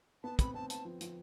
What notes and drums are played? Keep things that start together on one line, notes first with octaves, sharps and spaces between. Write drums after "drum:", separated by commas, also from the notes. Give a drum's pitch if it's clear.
B3 A5
C4 B5, drum: kick, hi-hat
C4 A5
A5, drum: hi-hat
F3
F3, drum: hi-hat